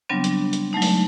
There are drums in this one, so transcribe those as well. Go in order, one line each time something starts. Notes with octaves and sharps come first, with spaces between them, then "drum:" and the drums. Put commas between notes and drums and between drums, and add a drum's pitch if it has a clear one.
C#3 F#3 G3 B3 C4 D4
drum: hi-hat
drum: hi-hat
F#3 G#3 A3 D#4
drum: open hi-hat